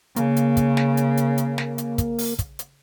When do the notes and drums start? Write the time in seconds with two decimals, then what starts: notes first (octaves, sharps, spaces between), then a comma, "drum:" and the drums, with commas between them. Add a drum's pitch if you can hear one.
0.16 C#3 A#3, drum: hi-hat
0.37 drum: hi-hat
0.57 drum: kick, hi-hat
0.77 drum: snare
0.97 drum: hi-hat
1.17 drum: hi-hat
1.38 drum: hi-hat
1.58 drum: snare
1.78 drum: hi-hat
1.98 drum: kick, hi-hat
2.18 drum: open hi-hat
2.39 drum: kick, hi-hat
2.59 drum: hi-hat